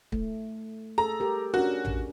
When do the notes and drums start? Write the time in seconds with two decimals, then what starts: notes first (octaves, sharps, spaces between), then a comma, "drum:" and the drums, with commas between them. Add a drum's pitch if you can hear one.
0.12 A3, drum: kick
0.98 G#4 A4 A#5
1.20 G4 A#4
1.54 C#4 D4 F#4 A#4
1.85 drum: tom A1